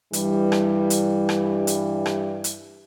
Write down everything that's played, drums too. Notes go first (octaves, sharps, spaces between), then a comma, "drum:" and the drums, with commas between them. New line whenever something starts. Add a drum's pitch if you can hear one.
G2 E3 G3, drum: hi-hat
drum: rim click
drum: hi-hat
drum: rim click
drum: hi-hat
drum: rim click
drum: hi-hat